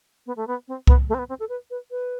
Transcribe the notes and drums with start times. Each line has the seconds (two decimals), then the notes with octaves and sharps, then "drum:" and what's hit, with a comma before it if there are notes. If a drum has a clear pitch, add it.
0.26 B3
0.37 A3
0.47 B3
0.68 C4
0.87 B3, drum: kick C2
1.09 A3
1.14 C4
1.19 B3
1.29 C4
1.40 A4
1.49 B4
1.70 B4
1.91 B4